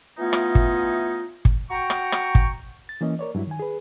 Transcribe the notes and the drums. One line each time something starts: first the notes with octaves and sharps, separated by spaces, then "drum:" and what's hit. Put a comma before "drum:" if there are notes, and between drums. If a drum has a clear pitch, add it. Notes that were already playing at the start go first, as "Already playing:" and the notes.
E3 A3 B3 C#4 D#4 F4
drum: rim click
drum: kick
drum: kick
F#4 G5 A#5 C#6
drum: rim click
drum: rim click
drum: kick
A6
E3 A#3 C#4 D#5
A#4 C#5 D5
G2 F#3 E4
D#3 G#5
G#4 B4